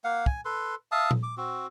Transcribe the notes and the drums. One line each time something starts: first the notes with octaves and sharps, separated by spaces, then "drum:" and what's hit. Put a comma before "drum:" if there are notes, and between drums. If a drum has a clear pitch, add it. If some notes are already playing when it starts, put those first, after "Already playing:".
A#3 F5 F#5
G#5, drum: kick
A4 B4 C6
E5 F5 A5 D#6
drum: tom A#2
D6
C4 F#4